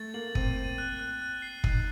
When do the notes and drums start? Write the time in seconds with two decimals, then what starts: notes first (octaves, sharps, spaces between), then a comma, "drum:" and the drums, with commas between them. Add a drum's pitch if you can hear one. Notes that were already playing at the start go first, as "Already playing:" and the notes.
Already playing: A3 A6
0.14 A#3 F#7
0.35 C4 D#7, drum: kick
0.56 D#7
0.78 F#6
0.99 F#6
1.22 F#6
1.42 C7
1.64 D#4 D#7, drum: kick